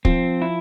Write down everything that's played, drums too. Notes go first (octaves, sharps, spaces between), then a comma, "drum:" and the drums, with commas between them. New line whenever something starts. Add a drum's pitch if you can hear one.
F3 C4, drum: kick
E4